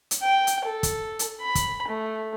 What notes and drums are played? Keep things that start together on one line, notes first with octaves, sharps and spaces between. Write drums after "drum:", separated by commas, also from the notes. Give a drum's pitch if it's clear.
drum: hi-hat
G5
drum: hi-hat
A4
drum: kick, hi-hat
drum: hi-hat
B5
drum: kick, hi-hat
A3